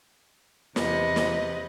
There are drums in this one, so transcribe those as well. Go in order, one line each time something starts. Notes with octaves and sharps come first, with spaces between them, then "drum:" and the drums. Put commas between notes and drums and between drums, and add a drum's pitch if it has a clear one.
E2 C3 B4 D#5, drum: snare
drum: snare